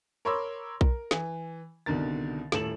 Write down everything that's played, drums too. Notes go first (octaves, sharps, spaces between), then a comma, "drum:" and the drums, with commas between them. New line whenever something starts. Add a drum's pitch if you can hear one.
A#4 C#5 B5 C6 D6 E6
A#4, drum: kick B1
E3, drum: snare
C2 B2 D3 D#3 A#4 A6
D#1 A2 A4 E7 F#7, drum: snare